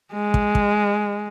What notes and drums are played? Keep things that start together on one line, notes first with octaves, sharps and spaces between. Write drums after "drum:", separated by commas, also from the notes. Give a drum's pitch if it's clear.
G#3
drum: kick
drum: kick